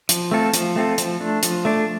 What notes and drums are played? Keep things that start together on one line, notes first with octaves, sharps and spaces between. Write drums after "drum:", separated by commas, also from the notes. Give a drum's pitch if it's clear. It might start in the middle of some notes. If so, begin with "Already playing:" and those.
F3, drum: hi-hat
A3 C4 F4 A4
F3, drum: hi-hat
A3 C4 F4 A4
F3, drum: hi-hat
A3 D4
F3, drum: hi-hat
A3 D4